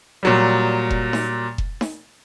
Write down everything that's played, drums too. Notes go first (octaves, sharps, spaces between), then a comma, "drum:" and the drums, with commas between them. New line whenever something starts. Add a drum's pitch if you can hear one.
A#2 F#3 G3
drum: kick F1
drum: snare D#4
drum: kick F1
drum: snare D#4